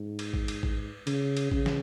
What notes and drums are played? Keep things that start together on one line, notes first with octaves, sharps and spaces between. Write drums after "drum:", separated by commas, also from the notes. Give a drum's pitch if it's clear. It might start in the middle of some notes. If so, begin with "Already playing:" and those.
Already playing: G#2
drum: cymbal
drum: kick A1
drum: cymbal
drum: kick A1
C#3, drum: cymbal
drum: cymbal
C#3, drum: kick A1
drum: snare